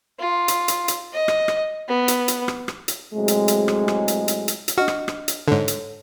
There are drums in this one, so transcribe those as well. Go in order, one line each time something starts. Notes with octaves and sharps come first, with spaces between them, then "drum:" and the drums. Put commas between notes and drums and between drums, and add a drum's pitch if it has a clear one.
F4
drum: hi-hat
drum: hi-hat
drum: hi-hat
D#5
drum: rim click
drum: rim click
B3
drum: hi-hat
drum: hi-hat
drum: rim click
drum: rim click
drum: hi-hat
A2 C3 F#3 G#3
drum: hi-hat
drum: hi-hat
drum: rim click
drum: rim click
drum: hi-hat
drum: hi-hat
drum: hi-hat
drum: hi-hat
D4 F#4 D#5 F6
drum: rim click
drum: rim click
drum: hi-hat
G#2 D3 A4 C#5
drum: hi-hat